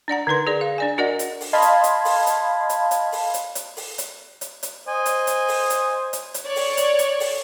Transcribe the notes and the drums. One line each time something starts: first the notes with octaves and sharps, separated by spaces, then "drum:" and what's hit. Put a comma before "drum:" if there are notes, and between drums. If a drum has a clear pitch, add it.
D4 D5 F#5 A#5
D3 D#4 B4 C6
G#4 D5
F5
D4 D5 G#5
D4 F#4 A#4 D5 D#5 F#5
drum: hi-hat
drum: open hi-hat
D#5 F5 A5 B5 C6 G#6
drum: hi-hat
drum: hi-hat
drum: open hi-hat
drum: hi-hat
drum: hi-hat
drum: hi-hat
drum: open hi-hat
drum: hi-hat
drum: hi-hat
drum: open hi-hat
drum: hi-hat
drum: hi-hat
drum: hi-hat
C5 D#5 G#5
drum: hi-hat
drum: hi-hat
drum: open hi-hat
drum: hi-hat
drum: hi-hat
drum: hi-hat
C#5 D5 C#6
drum: open hi-hat
drum: hi-hat
drum: hi-hat
drum: open hi-hat